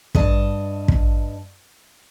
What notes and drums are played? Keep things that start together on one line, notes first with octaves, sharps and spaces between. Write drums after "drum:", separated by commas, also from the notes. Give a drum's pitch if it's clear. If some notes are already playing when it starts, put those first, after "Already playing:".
G2 D#5 A5, drum: kick
drum: kick